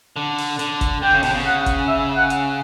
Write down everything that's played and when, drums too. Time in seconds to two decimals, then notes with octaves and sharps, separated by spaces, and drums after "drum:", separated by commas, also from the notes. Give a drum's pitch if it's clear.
0.16 D3
0.38 drum: open hi-hat
0.59 D3, drum: hi-hat
0.81 drum: kick G1, hi-hat
1.03 D3 G5
1.13 C#3
1.23 B2, drum: open hi-hat
1.33 C#3
1.45 F#5
1.66 drum: kick G1, hi-hat
1.88 E5
2.16 F#5
2.30 drum: hi-hat